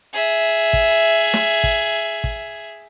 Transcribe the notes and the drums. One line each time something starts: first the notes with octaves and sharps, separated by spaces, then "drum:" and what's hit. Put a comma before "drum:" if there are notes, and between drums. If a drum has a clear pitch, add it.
G#4 E5
drum: kick
drum: snare
drum: kick
drum: kick